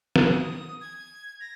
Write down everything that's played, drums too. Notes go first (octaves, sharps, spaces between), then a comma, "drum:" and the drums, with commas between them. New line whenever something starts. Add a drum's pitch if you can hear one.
F#6, drum: snare
D#6
G#6
A#6